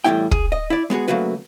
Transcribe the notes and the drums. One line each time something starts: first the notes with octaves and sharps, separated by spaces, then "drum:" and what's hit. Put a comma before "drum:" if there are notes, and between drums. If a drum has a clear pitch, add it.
E2 A2 G3 A#3 E4 G5
G#4, drum: kick
D#5
E4 D5
G#3 B3 F#4 G#4
C#3 F#3 A3 A#3 F#4 B4